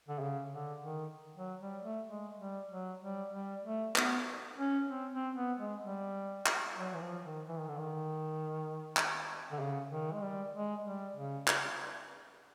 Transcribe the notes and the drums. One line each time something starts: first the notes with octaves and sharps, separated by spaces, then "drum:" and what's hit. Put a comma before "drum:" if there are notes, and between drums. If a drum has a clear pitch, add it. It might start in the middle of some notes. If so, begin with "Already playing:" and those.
D3
C#3
D3
D#3
F#3
G3
A3
G#3
G3
F#3
G3
G3
A3
B3, drum: clap
C#4
C4
C4
B3
G#3
G3
drum: clap
F#3
E3
F3
D#3
E3
D#3
D3
D#3
drum: clap
D3
C#3
D#3
G#3
G3
G#3
G3
C#3
drum: clap